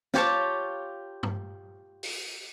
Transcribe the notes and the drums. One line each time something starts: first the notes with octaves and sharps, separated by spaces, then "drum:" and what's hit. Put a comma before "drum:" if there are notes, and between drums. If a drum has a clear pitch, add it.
F4 G4 C#5 A5, drum: snare
drum: tom G2
drum: open hi-hat